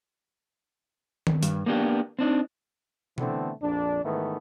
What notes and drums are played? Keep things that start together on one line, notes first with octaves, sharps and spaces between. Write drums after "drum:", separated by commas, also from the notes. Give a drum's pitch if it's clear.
drum: tom D#3
G2, drum: hi-hat
A#3 B3 D4 G4
C4 D4 D#4
D3 E3 A3 B3 C4, drum: tom B2
A#1 F2 D4
G#2 D#3 E3 A3 B3